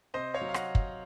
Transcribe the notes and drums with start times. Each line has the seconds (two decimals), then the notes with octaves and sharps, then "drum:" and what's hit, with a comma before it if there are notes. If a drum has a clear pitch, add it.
0.14 C3 C5 D#5
0.34 C#5 F5
0.41 F#3
0.49 F5
0.54 D#5 F#5, drum: rim click
0.75 drum: kick